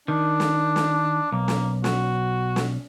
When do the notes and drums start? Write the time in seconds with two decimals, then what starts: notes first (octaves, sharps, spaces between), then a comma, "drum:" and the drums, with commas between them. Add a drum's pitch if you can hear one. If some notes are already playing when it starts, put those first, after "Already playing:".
0.08 D#3 D4
0.40 drum: snare
0.76 drum: snare
1.32 B1 A#3
1.48 drum: snare
1.84 F#4, drum: snare
2.56 drum: snare